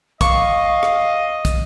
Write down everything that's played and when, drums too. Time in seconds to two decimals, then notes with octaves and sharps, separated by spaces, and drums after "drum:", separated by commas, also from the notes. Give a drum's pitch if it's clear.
0.21 D#5 F5 C#6, drum: kick, hi-hat
0.83 drum: rim click
1.45 drum: kick, hi-hat